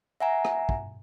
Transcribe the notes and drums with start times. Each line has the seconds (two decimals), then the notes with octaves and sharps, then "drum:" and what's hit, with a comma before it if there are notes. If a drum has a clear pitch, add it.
0.20 E5 F#5 G#5 A#5
0.45 drum: rim click
0.69 drum: kick